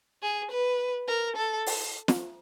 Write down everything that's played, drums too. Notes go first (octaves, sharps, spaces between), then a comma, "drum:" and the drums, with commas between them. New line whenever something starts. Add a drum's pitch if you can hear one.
G#4
B4
A#4
A4
drum: open hi-hat
drum: snare